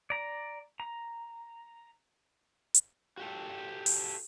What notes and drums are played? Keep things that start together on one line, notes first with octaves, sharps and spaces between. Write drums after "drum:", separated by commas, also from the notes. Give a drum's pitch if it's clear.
D5 A#5
A#5
drum: hi-hat
F#4 G4 A4
drum: open hi-hat